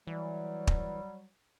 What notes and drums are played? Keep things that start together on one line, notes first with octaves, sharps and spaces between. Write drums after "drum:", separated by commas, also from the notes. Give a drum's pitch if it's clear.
E3 F#3 G3
drum: kick